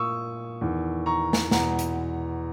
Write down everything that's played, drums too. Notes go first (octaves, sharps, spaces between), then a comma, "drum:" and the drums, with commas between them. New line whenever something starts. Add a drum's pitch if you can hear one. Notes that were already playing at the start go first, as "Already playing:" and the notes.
Already playing: A#2 C#6 D#6 E6
E2 D#3
A#5 C#6
drum: snare
E2 B2 F#5 A#5, drum: snare
drum: hi-hat